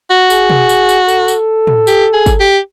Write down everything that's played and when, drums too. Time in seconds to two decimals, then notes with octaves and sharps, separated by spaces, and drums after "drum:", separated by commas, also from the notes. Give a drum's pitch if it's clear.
0.10 F#4
0.30 G#4, drum: tambourine
0.50 drum: tom
0.69 drum: tambourine
0.89 drum: tambourine
1.08 A4, drum: tambourine
1.28 drum: tambourine
1.67 drum: tom A2
1.87 G4, drum: tambourine
2.13 G#4
2.26 drum: kick, tambourine
2.40 G4